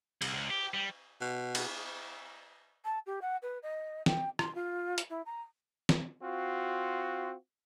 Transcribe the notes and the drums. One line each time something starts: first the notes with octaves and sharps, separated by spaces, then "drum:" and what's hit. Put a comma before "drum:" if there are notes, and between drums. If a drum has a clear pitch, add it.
C2, drum: cymbal
C#2
G4
G3
B2
drum: cymbal
A5
G4
F#5
B4
D#5
G5, drum: snare
C6, drum: rim click
F4
drum: hi-hat
E4
A#5
drum: snare
C4 F4 F#4